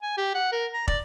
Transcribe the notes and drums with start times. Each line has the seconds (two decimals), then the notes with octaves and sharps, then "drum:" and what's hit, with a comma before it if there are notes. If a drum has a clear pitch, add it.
0.02 G#5
0.17 G4
0.35 F#5
0.52 A#4
0.74 A#5
0.88 D5, drum: kick